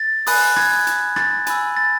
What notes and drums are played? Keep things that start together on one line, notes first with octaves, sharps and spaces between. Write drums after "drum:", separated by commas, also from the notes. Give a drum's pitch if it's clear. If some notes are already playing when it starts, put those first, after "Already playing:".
Already playing: A6
G#5 B5 D#6 F#6, drum: open hi-hat
G#6, drum: rim click
drum: hi-hat
A6, drum: rim click
G#5 B5 E6, drum: hi-hat
A6